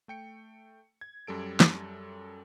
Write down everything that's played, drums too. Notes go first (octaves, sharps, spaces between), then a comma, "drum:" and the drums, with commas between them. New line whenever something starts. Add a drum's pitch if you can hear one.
A3 G5 C#7
G#6
F#2 G3 A4 D7
drum: snare